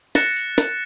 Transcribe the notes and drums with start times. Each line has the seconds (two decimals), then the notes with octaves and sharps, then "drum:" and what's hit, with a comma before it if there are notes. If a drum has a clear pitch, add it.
0.15 F#6 A6 A#6 C#7 E7, drum: snare
0.36 drum: tambourine
0.58 drum: snare